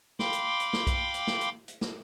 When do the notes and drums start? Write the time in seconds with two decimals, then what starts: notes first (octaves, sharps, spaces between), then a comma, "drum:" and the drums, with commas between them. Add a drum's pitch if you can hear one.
0.19 F5 G5 B5 C6 D6, drum: snare
0.33 drum: hi-hat
0.60 drum: hi-hat
0.73 drum: snare
0.87 drum: kick B1, hi-hat
1.14 drum: hi-hat
1.27 drum: snare
1.41 drum: hi-hat
1.68 drum: hi-hat
1.81 drum: snare